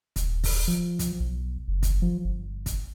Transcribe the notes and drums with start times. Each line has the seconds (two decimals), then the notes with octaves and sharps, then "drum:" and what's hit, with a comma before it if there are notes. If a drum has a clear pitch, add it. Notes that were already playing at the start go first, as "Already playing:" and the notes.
0.16 D#1, drum: kick, hi-hat
0.44 drum: kick, open hi-hat
0.68 F3
0.99 drum: kick, hi-hat
1.20 B1
1.68 F#1
1.83 drum: kick, hi-hat
2.02 F3
2.25 G1
2.66 drum: kick, hi-hat